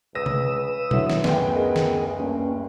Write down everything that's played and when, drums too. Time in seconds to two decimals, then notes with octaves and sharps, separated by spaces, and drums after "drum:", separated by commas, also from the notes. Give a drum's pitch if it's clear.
0.15 C#2 B4 D#6 E6 A#6
0.26 drum: tom C3
0.91 D3 F#3 E4, drum: tom A#2
1.10 drum: snare
1.24 F#1 D2 B3 G5, drum: snare
1.56 G#4 A#4 D#5
1.76 drum: snare
2.20 G2 A#3 C#4